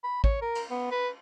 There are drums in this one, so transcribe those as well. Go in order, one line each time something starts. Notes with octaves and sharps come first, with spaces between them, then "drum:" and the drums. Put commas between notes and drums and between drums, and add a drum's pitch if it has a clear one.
B5
C#5, drum: kick A1
A#4
drum: cymbal
B3
B4